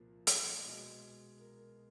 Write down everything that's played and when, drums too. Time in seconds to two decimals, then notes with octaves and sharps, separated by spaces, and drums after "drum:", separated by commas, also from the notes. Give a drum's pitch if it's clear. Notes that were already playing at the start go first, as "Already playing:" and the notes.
Already playing: C2 A#2 F3 A#3
0.27 drum: hi-hat
0.65 B2 G#3 B3
1.40 A#4